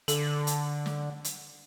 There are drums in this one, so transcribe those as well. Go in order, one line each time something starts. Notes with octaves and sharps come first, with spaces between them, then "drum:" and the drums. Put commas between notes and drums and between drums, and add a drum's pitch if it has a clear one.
D3 A4, drum: hi-hat
drum: hi-hat
drum: snare
drum: hi-hat